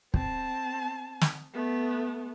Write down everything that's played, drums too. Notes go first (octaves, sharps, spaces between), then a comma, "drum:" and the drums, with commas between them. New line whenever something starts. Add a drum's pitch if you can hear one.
C4 A5, drum: kick
drum: snare
A3 B3